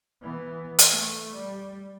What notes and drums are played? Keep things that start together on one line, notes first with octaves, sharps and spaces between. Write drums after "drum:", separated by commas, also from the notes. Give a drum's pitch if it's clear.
E3 B3
drum: hi-hat
A3
G3